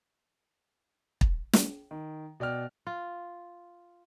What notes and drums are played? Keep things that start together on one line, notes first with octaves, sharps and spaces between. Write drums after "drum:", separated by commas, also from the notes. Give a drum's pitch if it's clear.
drum: kick
drum: snare
D#3
B2 D5 G5 F6
F4